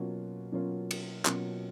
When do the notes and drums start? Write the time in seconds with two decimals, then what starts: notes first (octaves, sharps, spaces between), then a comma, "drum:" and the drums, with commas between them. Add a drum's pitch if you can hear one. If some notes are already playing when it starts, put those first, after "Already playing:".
Already playing: B2 F#3 A#3 C#4 F4
0.52 B2 F#3 A#3 C#4 F4
0.91 drum: cymbal
1.25 B2 F#3 A#3 C#4 F4, drum: clap